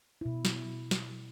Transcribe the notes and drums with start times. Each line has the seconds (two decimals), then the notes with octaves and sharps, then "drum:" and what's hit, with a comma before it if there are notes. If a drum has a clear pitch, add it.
0.21 B2 E4
0.45 drum: snare
0.91 drum: snare